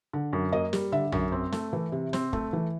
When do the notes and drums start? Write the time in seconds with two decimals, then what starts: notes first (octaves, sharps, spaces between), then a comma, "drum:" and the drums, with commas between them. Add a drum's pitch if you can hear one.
0.13 D3
0.33 F#2
0.52 A#3 D#5
0.73 G3, drum: snare
0.92 D3 E5
1.12 F#2, drum: tom A#1
1.32 C4
1.52 A3, drum: snare
1.73 E3
1.92 C3
2.13 C4, drum: snare
2.33 A3, drum: kick
2.53 E3